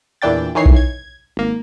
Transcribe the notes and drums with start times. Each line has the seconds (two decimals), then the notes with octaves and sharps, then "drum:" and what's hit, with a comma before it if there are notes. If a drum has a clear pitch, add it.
0.22 E2 A#2 E3 D4 G5 A6
0.55 D#3 E3 D#4 C#5 C7
0.66 drum: kick B1
0.76 G#6
1.37 G#1 A#3